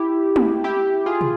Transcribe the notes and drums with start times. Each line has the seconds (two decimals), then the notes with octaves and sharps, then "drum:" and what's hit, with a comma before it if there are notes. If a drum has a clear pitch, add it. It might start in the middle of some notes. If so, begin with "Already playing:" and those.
Already playing: E4 G4
0.36 drum: tom
0.64 E4 G4
1.06 F4 G#4
1.21 drum: tom